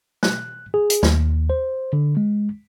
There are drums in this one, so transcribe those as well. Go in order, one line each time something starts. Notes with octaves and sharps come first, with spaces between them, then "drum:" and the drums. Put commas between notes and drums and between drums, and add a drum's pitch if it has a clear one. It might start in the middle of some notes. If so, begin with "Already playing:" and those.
F#6, drum: snare
G#4
drum: hi-hat
D#2, drum: snare
C5
D3
G#3